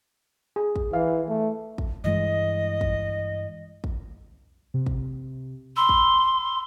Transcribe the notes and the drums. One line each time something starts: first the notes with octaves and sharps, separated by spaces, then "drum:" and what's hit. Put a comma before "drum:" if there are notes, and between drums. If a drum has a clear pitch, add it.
G#4
drum: kick
E3 F5
A3
drum: kick
G2 E3 G#3 D#5
drum: kick
drum: kick
C3
drum: kick
B5 C6 E6
drum: kick